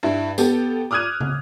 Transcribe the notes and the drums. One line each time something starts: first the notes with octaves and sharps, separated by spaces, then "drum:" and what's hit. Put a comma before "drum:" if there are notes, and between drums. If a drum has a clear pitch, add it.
G2 E4
B3 G4 A4, drum: tambourine
D6 D#6 F6 F#6 G#6 D#7
drum: tom